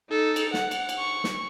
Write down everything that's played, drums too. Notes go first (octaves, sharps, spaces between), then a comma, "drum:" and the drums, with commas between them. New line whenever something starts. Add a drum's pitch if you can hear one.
D#4 A4
drum: cymbal
F#5, drum: snare
drum: cymbal
drum: cymbal
C#6
drum: snare